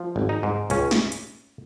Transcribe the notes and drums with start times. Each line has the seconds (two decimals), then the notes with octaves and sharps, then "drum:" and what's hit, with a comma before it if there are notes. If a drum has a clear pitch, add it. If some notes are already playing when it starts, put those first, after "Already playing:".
Already playing: F3
0.16 G#1
0.29 D#4
0.43 G#2
0.70 C#2 C#4, drum: hi-hat
0.91 drum: snare
1.12 drum: hi-hat